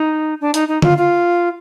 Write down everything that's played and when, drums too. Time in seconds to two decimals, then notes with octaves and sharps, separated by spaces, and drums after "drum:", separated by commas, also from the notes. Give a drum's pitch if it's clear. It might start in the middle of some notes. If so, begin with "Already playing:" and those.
Already playing: D#4
0.41 D4
0.54 D#4, drum: hi-hat
0.68 D#4
0.82 F4, drum: tom D3
0.98 F4